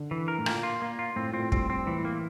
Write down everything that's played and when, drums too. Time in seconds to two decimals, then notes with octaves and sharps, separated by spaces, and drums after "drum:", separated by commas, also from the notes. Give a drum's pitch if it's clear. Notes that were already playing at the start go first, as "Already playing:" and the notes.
Already playing: D3
0.11 E3
0.28 A#4
0.38 A2
0.46 A#2 A#3, drum: rim click
0.63 F4
0.82 A#3
0.99 F4
1.16 A2 C4
1.29 A#2
1.34 C4
1.40 A2
1.52 G2 C4, drum: kick
1.70 C4
1.87 A2 E3
2.05 A#3